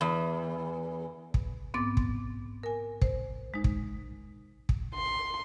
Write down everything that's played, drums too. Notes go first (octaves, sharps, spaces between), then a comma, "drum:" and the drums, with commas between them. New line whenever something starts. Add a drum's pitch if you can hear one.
E2
drum: kick
G#2 B3 C4 D6 A6
drum: kick
A#4 G#5
C5, drum: kick
G#3 D#4
drum: kick
drum: kick
C6